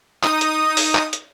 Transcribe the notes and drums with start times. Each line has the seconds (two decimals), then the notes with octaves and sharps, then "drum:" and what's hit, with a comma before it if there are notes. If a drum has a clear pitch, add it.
0.23 D#4 D#6, drum: clap
0.41 drum: hi-hat
0.77 drum: open hi-hat
0.95 drum: clap
1.13 drum: hi-hat